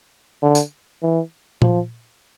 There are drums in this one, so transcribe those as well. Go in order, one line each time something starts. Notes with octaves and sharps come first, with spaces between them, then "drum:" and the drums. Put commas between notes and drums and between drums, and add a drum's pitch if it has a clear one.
D3
drum: tambourine
E3
F3, drum: tom A#2